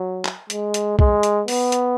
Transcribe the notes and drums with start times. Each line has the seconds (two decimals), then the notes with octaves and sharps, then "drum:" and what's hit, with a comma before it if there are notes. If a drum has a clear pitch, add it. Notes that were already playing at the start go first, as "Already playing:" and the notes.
Already playing: F#3
0.25 drum: clap
0.50 G#3, drum: hi-hat
0.74 drum: hi-hat
0.99 G#3, drum: kick B1
1.23 drum: hi-hat
1.48 B3, drum: open hi-hat
1.72 drum: hi-hat